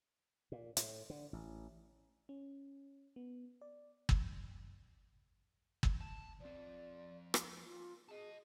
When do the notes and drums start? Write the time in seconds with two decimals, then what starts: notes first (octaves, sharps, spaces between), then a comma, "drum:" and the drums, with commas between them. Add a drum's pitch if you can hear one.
0.52 A#2
0.77 A2, drum: hi-hat
1.10 D3
1.33 A1
2.29 C#4
3.16 B3
3.62 D5
4.09 F#2, drum: kick
5.83 drum: kick
6.01 A5
6.41 F3 C4 D5
7.34 drum: rim click
7.66 F4
8.09 G#4 D#5 A5